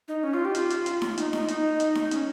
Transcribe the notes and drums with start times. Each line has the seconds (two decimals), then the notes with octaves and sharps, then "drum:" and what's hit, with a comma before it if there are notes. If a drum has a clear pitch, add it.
0.08 D#4
0.23 C#4
0.34 F4
0.45 G4
0.55 F4, drum: hi-hat
0.70 drum: hi-hat
0.86 drum: hi-hat
1.02 drum: snare D#4
1.18 D#4, drum: hi-hat
1.33 D#4, drum: snare D#4
1.48 D#4, drum: hi-hat
1.80 drum: hi-hat
1.95 drum: snare D#4
2.11 C#4, drum: hi-hat